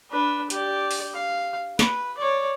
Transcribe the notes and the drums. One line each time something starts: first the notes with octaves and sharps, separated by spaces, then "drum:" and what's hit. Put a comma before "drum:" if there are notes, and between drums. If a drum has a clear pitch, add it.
D4 B4
G4 D5, drum: hi-hat
drum: open hi-hat
F5
B4, drum: snare
C#5 D5